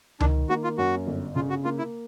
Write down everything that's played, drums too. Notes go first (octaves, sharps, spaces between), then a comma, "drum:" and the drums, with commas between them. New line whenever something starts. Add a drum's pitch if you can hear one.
D#3 D4, drum: tom C#2
A#3 F#4
F4
F#2 F#4
G1
C#3 F4
F#4
A#3 F4
E4